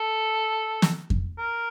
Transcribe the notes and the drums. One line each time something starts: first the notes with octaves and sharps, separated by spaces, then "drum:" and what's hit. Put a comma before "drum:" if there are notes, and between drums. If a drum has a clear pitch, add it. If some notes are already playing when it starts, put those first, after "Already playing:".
Already playing: A4
drum: snare
drum: kick F2
A#4